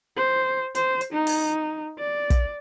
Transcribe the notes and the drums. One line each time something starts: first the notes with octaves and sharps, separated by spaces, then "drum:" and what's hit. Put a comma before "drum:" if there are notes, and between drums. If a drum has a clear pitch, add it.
C5
C5, drum: hi-hat
drum: hi-hat
D#4
drum: open hi-hat
D5
drum: kick, hi-hat